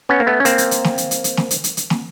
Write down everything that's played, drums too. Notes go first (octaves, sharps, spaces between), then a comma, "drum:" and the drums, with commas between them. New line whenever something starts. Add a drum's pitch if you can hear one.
B3 C#4
A#3
A3 B3
C#4
A#3 C4, drum: hi-hat
drum: hi-hat
drum: hi-hat
drum: snare
drum: hi-hat
drum: hi-hat
drum: hi-hat
drum: snare
drum: hi-hat
drum: hi-hat
drum: hi-hat
drum: snare